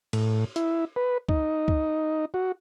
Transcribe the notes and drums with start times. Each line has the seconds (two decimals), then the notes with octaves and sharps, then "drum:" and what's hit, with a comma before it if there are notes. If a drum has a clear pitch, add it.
0.13 A2, drum: cymbal
0.56 E4, drum: hi-hat
0.96 B4
1.29 D#4, drum: kick
1.68 drum: kick
2.34 F#4